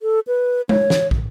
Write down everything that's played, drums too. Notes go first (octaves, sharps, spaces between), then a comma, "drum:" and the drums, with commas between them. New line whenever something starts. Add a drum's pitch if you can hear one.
A4
B4
C#5, drum: tom G#3
drum: snare
drum: kick